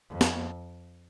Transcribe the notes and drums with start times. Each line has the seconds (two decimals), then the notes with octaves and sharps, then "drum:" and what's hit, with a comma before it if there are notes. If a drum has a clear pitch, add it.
0.10 F2
0.21 drum: snare